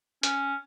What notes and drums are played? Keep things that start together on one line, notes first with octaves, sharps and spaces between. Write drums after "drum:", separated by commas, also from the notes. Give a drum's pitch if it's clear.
C#4, drum: hi-hat